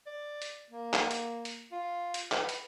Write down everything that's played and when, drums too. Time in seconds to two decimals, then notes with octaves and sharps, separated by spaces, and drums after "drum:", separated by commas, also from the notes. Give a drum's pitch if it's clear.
0.06 D5
0.42 drum: hi-hat
0.70 A#3
0.93 drum: clap
1.11 drum: hi-hat
1.45 drum: hi-hat
1.72 F4
2.14 drum: hi-hat
2.32 B4, drum: clap
2.49 drum: hi-hat